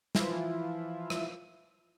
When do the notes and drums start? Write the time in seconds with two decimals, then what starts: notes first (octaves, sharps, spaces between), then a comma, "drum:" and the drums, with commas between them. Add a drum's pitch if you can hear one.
0.15 E3 F3 E4 F4, drum: snare
1.10 drum: rim click